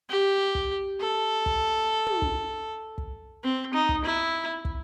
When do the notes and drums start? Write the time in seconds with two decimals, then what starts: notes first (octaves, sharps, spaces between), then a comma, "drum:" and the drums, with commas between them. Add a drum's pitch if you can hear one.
0.09 G4
0.55 drum: kick
1.00 A4
1.46 drum: kick
2.07 drum: tom
2.22 drum: kick
2.98 drum: kick
3.43 C4
3.74 D#4
3.89 drum: kick
4.04 E4
4.65 drum: kick